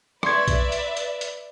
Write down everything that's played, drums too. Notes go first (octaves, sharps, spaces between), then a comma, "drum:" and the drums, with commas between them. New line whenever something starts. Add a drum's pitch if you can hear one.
B4 D5 E5 C6 C#6 G#6, drum: rim click
drum: kick B1, hi-hat
drum: hi-hat
drum: hi-hat
drum: hi-hat